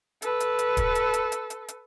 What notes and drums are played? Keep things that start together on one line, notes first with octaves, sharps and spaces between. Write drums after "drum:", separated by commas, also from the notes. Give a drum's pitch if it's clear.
A4 B4, drum: hi-hat
drum: hi-hat
drum: hi-hat
drum: kick, hi-hat
drum: hi-hat
drum: hi-hat
drum: hi-hat
drum: hi-hat
drum: hi-hat